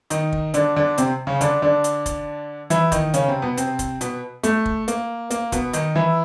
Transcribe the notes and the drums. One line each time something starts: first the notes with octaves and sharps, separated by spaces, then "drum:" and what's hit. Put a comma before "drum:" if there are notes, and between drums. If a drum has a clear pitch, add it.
D#3 D#4, drum: hi-hat
drum: kick
D3 D4, drum: hi-hat
D3 D4
C3 C4, drum: hi-hat
C#3 C#4
D3 D4, drum: hi-hat
D3 D4
drum: hi-hat
drum: kick, hi-hat
E3 E4, drum: hi-hat
D#3 D#4, drum: kick, hi-hat
C#3 C#4, drum: hi-hat
C3 C4
B2 B3
C3 C4, drum: hi-hat
drum: kick, hi-hat
B2 B3, drum: hi-hat
A3, drum: hi-hat
drum: kick
A#3, drum: hi-hat
A#3, drum: hi-hat
B2 B3, drum: kick, hi-hat
D#3 D#4, drum: hi-hat
E3 E4